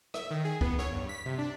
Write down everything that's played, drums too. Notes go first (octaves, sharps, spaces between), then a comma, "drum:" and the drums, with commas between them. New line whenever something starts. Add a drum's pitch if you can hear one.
E5, drum: rim click
D#3
G#4
B3, drum: kick
C#5, drum: rim click
G2
B6
C3
D4